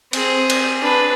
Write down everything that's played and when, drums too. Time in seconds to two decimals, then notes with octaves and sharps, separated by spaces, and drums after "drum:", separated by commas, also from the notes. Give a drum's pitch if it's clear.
0.13 C4 G#4, drum: cymbal
0.50 drum: cymbal
0.81 D4 B4